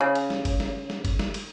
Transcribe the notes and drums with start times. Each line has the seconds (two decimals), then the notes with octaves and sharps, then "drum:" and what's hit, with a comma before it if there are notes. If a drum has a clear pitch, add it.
0.01 C#3
0.15 drum: cymbal
0.30 drum: snare
0.45 drum: kick, cymbal
0.60 drum: snare
0.90 drum: snare
1.05 drum: kick, cymbal
1.19 drum: snare
1.34 drum: cymbal